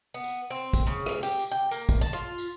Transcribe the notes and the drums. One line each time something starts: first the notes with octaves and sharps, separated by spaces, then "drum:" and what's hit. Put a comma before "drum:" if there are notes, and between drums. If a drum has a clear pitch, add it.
B3
drum: tambourine
C4
drum: kick, tambourine
C#3
drum: rim click
G4, drum: tambourine
drum: tambourine
G5
A#3, drum: tambourine
drum: kick, tambourine
A5
F4
drum: tambourine